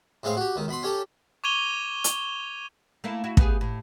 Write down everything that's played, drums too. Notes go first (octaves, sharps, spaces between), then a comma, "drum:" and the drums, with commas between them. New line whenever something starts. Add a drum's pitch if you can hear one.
A2 G#3 C4 F5
F#4 G4
C#2 D#3
B2 B5 C6
C#4 G4 A4
C#6 D6 G#6 D#7 F7 G7
drum: hi-hat
A3 A#3 E4
E4 F#4
B3 G4 G#4, drum: kick
A2